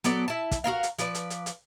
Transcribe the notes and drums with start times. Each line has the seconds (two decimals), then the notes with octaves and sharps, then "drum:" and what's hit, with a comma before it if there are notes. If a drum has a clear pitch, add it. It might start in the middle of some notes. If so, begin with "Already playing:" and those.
0.04 F#3 B3 A4 D5, drum: hi-hat
0.28 E4 A5
0.51 drum: kick, hi-hat
0.64 F#4 A4 A#4 F5
0.83 drum: hi-hat
0.98 F3 B4 D5, drum: hi-hat
1.14 drum: hi-hat
1.30 drum: hi-hat
1.46 drum: hi-hat